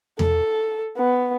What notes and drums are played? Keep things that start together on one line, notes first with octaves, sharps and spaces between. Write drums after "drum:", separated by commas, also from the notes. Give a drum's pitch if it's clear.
A4, drum: tom E2
B3